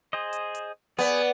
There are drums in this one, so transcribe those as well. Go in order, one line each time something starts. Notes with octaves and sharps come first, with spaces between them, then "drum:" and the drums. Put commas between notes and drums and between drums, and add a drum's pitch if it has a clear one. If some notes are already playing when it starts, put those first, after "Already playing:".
G#4 C5 D#5
drum: hi-hat
drum: hi-hat
B3 G#4 D5, drum: hi-hat